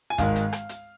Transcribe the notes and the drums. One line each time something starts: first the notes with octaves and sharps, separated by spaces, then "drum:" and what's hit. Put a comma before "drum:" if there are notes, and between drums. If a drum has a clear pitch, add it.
G#5
G#1 G#2 D#3 G#3 F5, drum: kick, hi-hat
drum: hi-hat
drum: rim click
drum: hi-hat